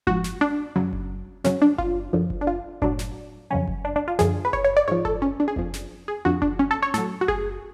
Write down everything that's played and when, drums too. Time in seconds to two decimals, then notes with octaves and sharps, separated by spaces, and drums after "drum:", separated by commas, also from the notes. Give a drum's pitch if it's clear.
0.07 G#2 F3 F#4, drum: kick F#1
0.24 drum: snare
0.41 D4
0.76 F#2 C#3 F#3
0.93 drum: kick F#1
1.44 F#2 C#3 F#3 C#4, drum: snare
1.62 D4
1.78 F4, drum: kick F#1
2.13 F#2 D3 F3
2.30 drum: kick F#1
2.41 D4
2.47 F4
2.82 A2 F#3 D4, drum: kick F#1
2.99 drum: snare
3.50 F2 C#3 F#3 C#4
3.68 drum: kick F#1
3.85 D4
3.96 D4
4.08 F4
4.19 F#2 D3 F3 G#4, drum: snare
4.45 B4
4.53 C#5, drum: kick F#1
4.64 C#5
4.77 D5
4.88 G#2 F3 C#5
5.05 A4, drum: kick F#1
5.22 C#4
5.40 D4
5.48 G#4
5.56 F2 F3, drum: kick F#1
5.74 drum: snare
6.08 G#4
6.25 F2 D3 F3 F#4
6.42 D4, drum: kick F#1
6.59 C#4
6.71 A4
6.82 C#5
6.94 A2 F#3 A4, drum: snare
7.21 F#4
7.28 G#4, drum: kick F#1